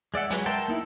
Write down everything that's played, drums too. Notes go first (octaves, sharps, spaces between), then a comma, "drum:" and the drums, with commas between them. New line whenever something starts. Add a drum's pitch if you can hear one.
G#3 D5 E5 F#5
F#3 G#3 B4, drum: hi-hat
A#4 E5 G5 A5 C6
A#3 D#4 E4